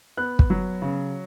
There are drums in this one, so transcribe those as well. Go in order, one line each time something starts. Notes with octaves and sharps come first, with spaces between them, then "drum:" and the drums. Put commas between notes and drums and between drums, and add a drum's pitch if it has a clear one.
B3 F#6
drum: kick
F#3
C#3